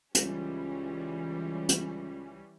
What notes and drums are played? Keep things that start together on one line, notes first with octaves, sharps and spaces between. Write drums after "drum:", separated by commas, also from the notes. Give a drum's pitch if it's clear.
C#2 E3 G3 C#4, drum: hi-hat
drum: hi-hat